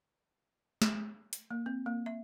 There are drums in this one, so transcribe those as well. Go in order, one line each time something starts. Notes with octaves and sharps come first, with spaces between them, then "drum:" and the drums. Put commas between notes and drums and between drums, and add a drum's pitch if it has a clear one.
drum: snare
drum: hi-hat
A#3
C4
A#3
E5